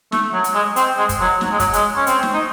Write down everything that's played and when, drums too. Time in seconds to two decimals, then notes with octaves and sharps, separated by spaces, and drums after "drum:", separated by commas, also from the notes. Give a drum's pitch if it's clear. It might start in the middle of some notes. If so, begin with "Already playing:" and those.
0.12 A3, drum: snare
0.33 F#3
0.44 drum: hi-hat
0.54 G#3
0.76 C4, drum: hi-hat
0.98 G#3
1.09 drum: kick, hi-hat
1.20 F#3
1.41 F#3, drum: snare
1.51 G#3
1.60 F#3, drum: kick, hi-hat
1.73 G#3, drum: hi-hat
1.96 C#4
2.07 C4, drum: hi-hat
2.23 drum: snare
2.34 D#4